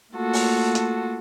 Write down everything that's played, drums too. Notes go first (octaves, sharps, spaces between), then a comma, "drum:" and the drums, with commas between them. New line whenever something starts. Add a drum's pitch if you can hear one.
A3 A#3 F4 F#4 A4
drum: open hi-hat
drum: hi-hat